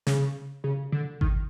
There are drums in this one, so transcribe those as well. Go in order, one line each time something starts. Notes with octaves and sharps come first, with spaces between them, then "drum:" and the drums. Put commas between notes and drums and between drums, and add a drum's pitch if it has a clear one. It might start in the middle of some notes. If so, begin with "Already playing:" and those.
C#3, drum: snare
C#3
D3
D#3, drum: kick G#1